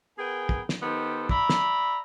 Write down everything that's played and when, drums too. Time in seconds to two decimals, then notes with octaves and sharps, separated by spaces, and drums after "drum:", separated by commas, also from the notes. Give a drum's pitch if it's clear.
0.17 B3 G#4 A#4 G5 G#5
0.49 drum: kick
0.69 drum: snare
0.81 D#3 B3 G4 A4 C5
1.29 D5 E5 A#5 B5, drum: kick
1.49 drum: snare